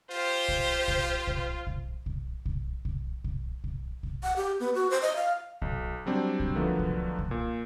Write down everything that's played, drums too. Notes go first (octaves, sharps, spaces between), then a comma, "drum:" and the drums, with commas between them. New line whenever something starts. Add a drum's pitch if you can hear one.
F4 G4 C5
drum: kick B1
drum: kick B1
drum: kick B1
drum: kick B1
drum: kick B1
drum: kick B1
drum: kick B1
drum: kick B1
drum: kick B1
drum: kick B1
F#5
G4
B3
F#4
C5
D#5
F5
B1, drum: kick B1
F#3 G3 C4 D4
drum: kick B1
D3 D#3 F3 F#3 A3 B3
drum: kick B1
drum: kick B1
A#2